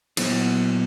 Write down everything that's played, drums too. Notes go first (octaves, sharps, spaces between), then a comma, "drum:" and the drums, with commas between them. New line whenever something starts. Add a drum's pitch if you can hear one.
A#2 F#3 B3 E4 G#4, drum: cymbal